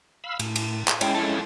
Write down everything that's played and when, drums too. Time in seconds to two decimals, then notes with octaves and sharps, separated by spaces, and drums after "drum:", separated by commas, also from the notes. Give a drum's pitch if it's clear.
0.24 F5 B5 E6
0.39 A2, drum: cymbal
0.56 drum: cymbal
0.88 drum: clap
1.01 G#3 C#4 E4 C#5 G5, drum: cymbal
1.14 F3 A4